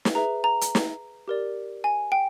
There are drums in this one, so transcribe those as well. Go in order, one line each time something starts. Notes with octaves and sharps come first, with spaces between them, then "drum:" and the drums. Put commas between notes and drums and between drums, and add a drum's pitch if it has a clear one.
drum: snare
G#4 B4 E5 A#5
A#5
drum: hi-hat
drum: snare
G4 A#4 D5
G#5
G5